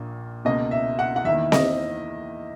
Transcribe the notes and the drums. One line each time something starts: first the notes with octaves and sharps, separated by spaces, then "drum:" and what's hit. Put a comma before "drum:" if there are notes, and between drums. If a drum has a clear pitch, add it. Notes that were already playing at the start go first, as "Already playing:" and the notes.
Already playing: A#1 A#2 A#3
C#2 B2 A#3 D#5
E5
F#5
F#5
E2 D#3 A#3 E4 E5
D#5, drum: snare C4